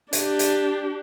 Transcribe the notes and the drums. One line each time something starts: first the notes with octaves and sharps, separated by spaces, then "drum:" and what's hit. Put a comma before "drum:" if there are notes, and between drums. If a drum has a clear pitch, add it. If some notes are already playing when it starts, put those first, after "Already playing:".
D4 G4, drum: hi-hat
drum: hi-hat